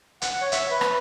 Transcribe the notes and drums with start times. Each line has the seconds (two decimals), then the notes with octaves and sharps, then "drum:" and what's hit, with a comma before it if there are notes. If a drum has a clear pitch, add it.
0.22 F#5, drum: hi-hat
0.32 F#5
0.41 C#5
0.52 E5, drum: hi-hat
0.71 B4
0.81 drum: rim click